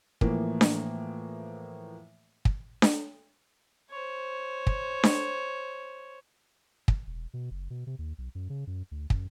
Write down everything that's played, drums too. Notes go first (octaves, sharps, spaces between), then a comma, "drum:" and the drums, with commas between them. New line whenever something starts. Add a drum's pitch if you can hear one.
A2 E3 F3 A#3, drum: kick
drum: snare D4
drum: kick
drum: snare D4
C5 C#5
drum: kick
drum: snare D4
drum: kick
E1
B2
F#1
B2
C3
D#2
B1
F#2
C#3
F#2
D2
F#2, drum: kick